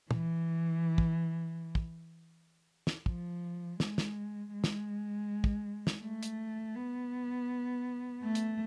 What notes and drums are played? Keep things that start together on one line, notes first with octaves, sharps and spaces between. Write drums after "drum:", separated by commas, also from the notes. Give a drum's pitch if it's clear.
E3, drum: tom
drum: kick
drum: kick
drum: snare
F3, drum: kick
G#3, drum: snare
drum: snare
G#3
drum: snare
drum: kick
drum: snare
A3
drum: hi-hat
B3
A3
drum: hi-hat